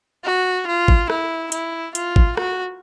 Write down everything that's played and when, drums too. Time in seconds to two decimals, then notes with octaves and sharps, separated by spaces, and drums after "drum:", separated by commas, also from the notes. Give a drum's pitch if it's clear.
0.24 F#4
0.67 F4
0.88 drum: kick
1.10 E4, drum: rim click
1.52 E4, drum: hi-hat
1.95 F4, drum: hi-hat
2.16 drum: kick
2.37 F#4, drum: rim click